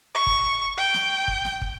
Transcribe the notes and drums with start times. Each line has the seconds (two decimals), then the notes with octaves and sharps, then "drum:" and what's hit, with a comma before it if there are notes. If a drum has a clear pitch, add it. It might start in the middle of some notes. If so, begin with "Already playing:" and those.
0.15 C#6
0.27 drum: kick
0.77 G5
0.94 drum: snare
1.28 drum: kick
1.45 drum: snare
1.62 drum: kick